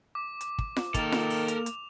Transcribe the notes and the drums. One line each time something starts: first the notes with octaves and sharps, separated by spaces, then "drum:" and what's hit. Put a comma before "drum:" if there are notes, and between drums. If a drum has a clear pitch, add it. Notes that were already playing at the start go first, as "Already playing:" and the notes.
D6
drum: hi-hat
drum: kick
drum: snare F4
D#3 A#3 A4 A#4 F7, drum: kick, hi-hat
drum: snare F4
drum: open hi-hat
drum: hi-hat
drum: hi-hat